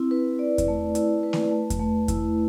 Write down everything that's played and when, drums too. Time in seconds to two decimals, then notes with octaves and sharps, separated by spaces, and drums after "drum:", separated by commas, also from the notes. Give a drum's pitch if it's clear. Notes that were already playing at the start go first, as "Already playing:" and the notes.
Already playing: C4 E4
0.11 B4
0.39 D5
0.58 drum: kick E2, hi-hat
0.68 A3
0.95 E4, drum: hi-hat
1.23 B4
1.33 drum: snare A#3
1.52 A3
1.70 drum: kick E2, hi-hat
1.80 A3
2.08 E4, drum: kick E2, hi-hat